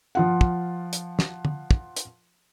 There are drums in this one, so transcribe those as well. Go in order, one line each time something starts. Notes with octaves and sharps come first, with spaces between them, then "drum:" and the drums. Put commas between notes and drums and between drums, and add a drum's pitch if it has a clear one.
F3 F4 F#5
drum: kick
drum: hi-hat
drum: snare
drum: tom
drum: kick
drum: hi-hat